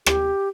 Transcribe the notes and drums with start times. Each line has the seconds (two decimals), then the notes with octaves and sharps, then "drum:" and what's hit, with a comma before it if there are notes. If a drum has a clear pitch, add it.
0.06 G4, drum: rim click